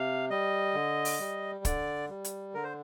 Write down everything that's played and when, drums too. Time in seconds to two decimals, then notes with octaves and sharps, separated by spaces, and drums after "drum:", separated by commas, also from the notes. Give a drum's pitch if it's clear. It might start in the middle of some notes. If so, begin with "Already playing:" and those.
Already playing: C3 F5
0.30 G3 D#5
0.74 D3
1.05 drum: open hi-hat
1.20 G3
1.65 D3 D5, drum: kick, hi-hat
2.10 G3
2.24 drum: hi-hat
2.54 D3 A#4
2.64 C5